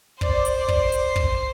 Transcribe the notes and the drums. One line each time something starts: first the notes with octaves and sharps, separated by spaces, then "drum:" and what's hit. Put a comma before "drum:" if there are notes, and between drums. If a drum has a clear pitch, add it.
C5 D5, drum: kick
drum: hi-hat
D5
drum: kick
drum: hi-hat
drum: kick